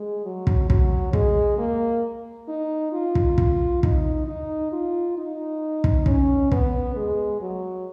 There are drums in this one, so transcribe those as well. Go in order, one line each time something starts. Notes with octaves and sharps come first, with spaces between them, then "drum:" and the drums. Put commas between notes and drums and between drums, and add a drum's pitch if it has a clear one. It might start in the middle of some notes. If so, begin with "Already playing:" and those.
Already playing: G#3
F#3
drum: kick
F#3, drum: kick
G#3, drum: kick
A#3
D#4
F4
drum: kick
drum: kick
D#4, drum: kick
D#4
F4
D#4
drum: kick
C#4, drum: kick
B3, drum: kick
G#3
F#3